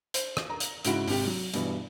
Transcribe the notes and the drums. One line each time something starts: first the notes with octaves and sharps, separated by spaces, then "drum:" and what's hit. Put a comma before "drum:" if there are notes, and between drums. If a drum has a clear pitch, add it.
C5, drum: hi-hat
drum: rim click
A#5
drum: hi-hat
G#2 C#3 E4 F#4 D7, drum: hi-hat
G#1 C3 G4, drum: open hi-hat
F#3
G2 B2 E3, drum: hi-hat